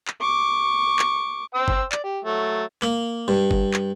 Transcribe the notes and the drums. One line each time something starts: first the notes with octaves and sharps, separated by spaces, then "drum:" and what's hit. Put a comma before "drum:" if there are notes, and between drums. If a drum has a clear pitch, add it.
drum: clap
C#6 D6
drum: clap
C5 G5 E6
drum: kick
D5, drum: clap
G4
F#3 A3
A#3, drum: clap
G2
drum: kick
drum: clap